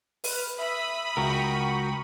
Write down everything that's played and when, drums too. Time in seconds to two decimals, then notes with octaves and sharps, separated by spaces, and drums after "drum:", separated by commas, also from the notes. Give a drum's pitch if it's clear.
0.24 B4 F6, drum: open hi-hat
0.58 E5 B5 D#6
1.17 C#2 F#4 A#4 G5 A#5 C#6